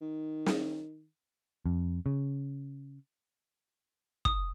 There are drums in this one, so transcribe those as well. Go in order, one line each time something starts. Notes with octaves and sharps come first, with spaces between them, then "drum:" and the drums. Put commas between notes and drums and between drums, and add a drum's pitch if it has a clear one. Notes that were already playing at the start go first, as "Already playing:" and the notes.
D#3
drum: snare
F2
C#3
D#6, drum: kick